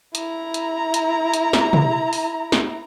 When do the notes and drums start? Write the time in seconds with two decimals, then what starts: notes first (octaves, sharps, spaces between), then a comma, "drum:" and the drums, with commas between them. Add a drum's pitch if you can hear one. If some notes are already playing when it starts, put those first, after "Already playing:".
0.15 E4 A#5, drum: hi-hat
0.54 drum: hi-hat
0.94 drum: hi-hat
1.34 drum: hi-hat
1.53 drum: snare
1.73 drum: tom
2.13 drum: open hi-hat
2.52 drum: snare